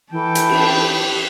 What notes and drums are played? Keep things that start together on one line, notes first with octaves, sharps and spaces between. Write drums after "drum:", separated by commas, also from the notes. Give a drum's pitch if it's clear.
E3 A4 G5
drum: hi-hat
G4, drum: cymbal